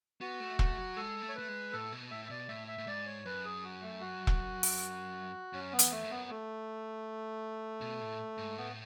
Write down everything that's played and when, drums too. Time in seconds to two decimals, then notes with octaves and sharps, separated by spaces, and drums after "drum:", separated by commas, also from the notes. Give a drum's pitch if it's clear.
0.21 B3 F#4
0.40 A3
0.59 A3, drum: kick E1
0.78 F#3
0.97 G#3 A4
1.22 A3
1.29 C#5
1.35 A3 B4
1.48 G#3
1.73 A2 A4
1.92 B2
2.11 A2 E5
2.25 E5
2.30 B2 D5
2.49 A2 E5
2.68 E5
2.78 A2
2.87 G#2 D5
3.06 C#5
3.25 F#2 B4
3.44 G#4
3.64 F#4
3.82 A3
4.01 F#4
4.27 drum: kick E1
4.63 drum: open hi-hat
5.53 F#2 C#4
5.72 B3
5.79 E2, drum: hi-hat
5.92 A3
6.04 F#2
6.11 B3
6.30 A3
7.81 B2
8.01 A2
8.38 G#2
8.58 A2 B3